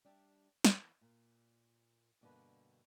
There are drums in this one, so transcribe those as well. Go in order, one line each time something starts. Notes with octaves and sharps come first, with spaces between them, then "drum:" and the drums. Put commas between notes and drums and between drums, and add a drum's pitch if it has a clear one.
G3 D4 G4 E5
drum: snare
E3 B3
A#2
G2 B2 D3 A#3 B3 B4